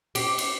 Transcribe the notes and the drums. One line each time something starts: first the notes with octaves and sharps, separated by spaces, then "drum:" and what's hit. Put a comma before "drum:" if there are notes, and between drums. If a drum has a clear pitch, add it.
G4, drum: cymbal
drum: cymbal